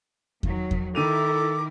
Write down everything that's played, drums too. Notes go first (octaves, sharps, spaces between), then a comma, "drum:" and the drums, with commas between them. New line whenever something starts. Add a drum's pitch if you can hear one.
D#3 F#3, drum: kick E2
drum: kick E2
D#3 E4 A4 A#4 D6 D#7 F7